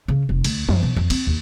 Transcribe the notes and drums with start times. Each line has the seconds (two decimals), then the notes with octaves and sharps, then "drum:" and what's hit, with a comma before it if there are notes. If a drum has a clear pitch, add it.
0.08 C#3
0.29 F1
0.44 D2, drum: cymbal
0.69 F#2, drum: tom E3
0.83 B2
0.96 F2
1.10 C4, drum: cymbal
1.27 D#2